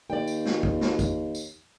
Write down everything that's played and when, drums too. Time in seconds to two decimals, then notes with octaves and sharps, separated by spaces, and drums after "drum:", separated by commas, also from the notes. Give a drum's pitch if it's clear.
0.10 D#2 D5 G5
0.28 drum: tambourine
0.45 drum: snare
0.63 drum: kick A1
0.81 drum: snare
0.99 drum: kick A1, tambourine
1.35 drum: tambourine